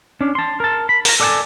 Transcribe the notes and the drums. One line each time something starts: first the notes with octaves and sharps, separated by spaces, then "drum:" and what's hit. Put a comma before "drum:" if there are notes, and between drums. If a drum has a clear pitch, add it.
C#4 D4
A5 C6
A#4 A5
B5
A#4 A#5, drum: open hi-hat
A4 D5 E5 F#5 G#5 A5